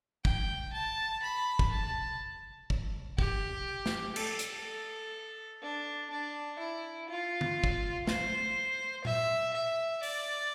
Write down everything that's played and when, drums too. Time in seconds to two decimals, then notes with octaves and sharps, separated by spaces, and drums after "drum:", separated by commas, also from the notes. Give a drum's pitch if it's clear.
0.25 G5, drum: kick
0.73 A5
1.23 B5
1.59 drum: kick
1.72 A5
2.70 drum: kick
3.19 G4, drum: kick
3.86 drum: snare
4.16 A4, drum: cymbal
4.39 drum: hi-hat
5.62 D4
6.11 D4
6.60 E4
7.10 F4
7.41 drum: tom
7.64 drum: kick
8.07 C5, drum: snare
9.05 E5, drum: tom A#2
9.54 E5
10.03 D5, drum: open hi-hat